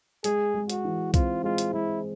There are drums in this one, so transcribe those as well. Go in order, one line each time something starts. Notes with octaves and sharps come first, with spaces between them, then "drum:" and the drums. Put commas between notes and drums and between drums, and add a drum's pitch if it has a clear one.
G#3 G#4, drum: hi-hat
G#3
F#4, drum: hi-hat
E3
C4 F4, drum: kick B1, hi-hat
G#3 F4
drum: hi-hat
G#3 E4